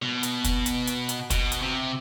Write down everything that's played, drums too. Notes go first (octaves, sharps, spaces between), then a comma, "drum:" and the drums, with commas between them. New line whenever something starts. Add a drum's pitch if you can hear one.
B2
drum: hi-hat
drum: kick, hi-hat
drum: hi-hat
drum: hi-hat
drum: hi-hat
B2, drum: kick, hi-hat
drum: hi-hat
C3